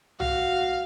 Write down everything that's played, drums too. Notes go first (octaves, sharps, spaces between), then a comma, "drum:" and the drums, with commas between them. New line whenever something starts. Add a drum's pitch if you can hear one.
F#4 F5, drum: tom